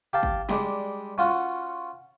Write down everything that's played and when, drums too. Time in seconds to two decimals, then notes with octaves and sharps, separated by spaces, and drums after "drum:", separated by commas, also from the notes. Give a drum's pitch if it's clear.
0.13 G4 F5 A5
0.23 drum: kick G#1
0.49 G3 G#3 D4, drum: snare
1.18 C#4 F4 F#4